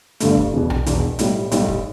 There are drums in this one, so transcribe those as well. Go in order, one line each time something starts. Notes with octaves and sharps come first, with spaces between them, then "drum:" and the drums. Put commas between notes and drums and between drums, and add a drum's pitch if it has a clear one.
G1 G2 D3 A3, drum: hi-hat
drum: kick
E1 E2 B2
drum: tom B1
E1 E2 B2, drum: hi-hat
B1 A2 G3, drum: hi-hat
B1 A2 G3, drum: hi-hat
drum: kick